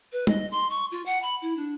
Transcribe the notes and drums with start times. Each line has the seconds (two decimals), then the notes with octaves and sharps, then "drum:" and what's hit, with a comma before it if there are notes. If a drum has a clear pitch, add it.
0.12 B4
0.27 D#5, drum: tom G3
0.51 C6
0.69 C#6
0.91 F4
1.05 F#5
1.22 B5
1.41 E4
1.56 D4